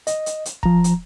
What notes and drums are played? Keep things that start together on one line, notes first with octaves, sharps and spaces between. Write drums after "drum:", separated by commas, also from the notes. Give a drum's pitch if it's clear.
D#5, drum: hi-hat
drum: hi-hat
drum: hi-hat
F3 A#5, drum: kick
drum: hi-hat